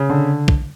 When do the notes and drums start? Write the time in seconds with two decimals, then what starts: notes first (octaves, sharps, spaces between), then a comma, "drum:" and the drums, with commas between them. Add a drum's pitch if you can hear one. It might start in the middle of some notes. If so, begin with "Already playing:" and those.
Already playing: C#3
0.10 D3
0.48 drum: kick